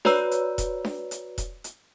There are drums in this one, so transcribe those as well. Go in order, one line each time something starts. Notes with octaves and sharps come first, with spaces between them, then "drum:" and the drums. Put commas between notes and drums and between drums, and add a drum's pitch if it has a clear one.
F#4 B4 C#5 D5 A#5 E6, drum: snare D4
drum: hi-hat
drum: kick E1, hi-hat
drum: snare D4
drum: hi-hat
drum: kick E1, hi-hat
drum: hi-hat